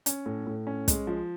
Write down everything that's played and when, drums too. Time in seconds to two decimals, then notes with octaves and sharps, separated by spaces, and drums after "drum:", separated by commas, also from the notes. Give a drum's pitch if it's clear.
0.06 C#4, drum: hi-hat
0.26 A2
0.47 A2
0.67 C#4
0.88 G#3, drum: kick, hi-hat
1.07 F3